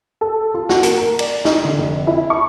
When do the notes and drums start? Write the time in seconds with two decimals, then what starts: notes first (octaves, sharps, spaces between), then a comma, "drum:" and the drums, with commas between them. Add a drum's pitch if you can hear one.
0.21 A4
0.54 F4
0.69 F#4, drum: snare
0.83 A#3, drum: hi-hat
0.98 A#4
1.19 D5, drum: cymbal
1.45 D#4, drum: snare
1.65 D3
1.78 F1
2.07 E4
2.30 C#6